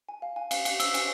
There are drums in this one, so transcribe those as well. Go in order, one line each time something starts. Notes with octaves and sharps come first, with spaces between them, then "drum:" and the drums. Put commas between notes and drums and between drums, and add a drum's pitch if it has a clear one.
G#5
F5
G#5
F5, drum: cymbal
G#5, drum: cymbal
E6, drum: cymbal
G#5, drum: cymbal